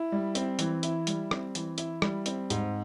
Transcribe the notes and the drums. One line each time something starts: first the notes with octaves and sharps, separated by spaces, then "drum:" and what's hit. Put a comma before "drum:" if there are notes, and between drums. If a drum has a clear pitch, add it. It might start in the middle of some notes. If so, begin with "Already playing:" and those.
Already playing: E4
G3
C4, drum: hi-hat
E3, drum: hi-hat
E4, drum: hi-hat
G3, drum: hi-hat
C4, drum: rim click
E3, drum: hi-hat
E4, drum: hi-hat
G3, drum: rim click
C4, drum: hi-hat
G#2, drum: hi-hat